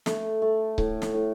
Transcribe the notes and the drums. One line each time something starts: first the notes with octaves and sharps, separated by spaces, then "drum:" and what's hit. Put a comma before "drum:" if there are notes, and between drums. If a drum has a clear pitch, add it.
A3, drum: snare
A3
A2, drum: kick C#1
drum: snare
A2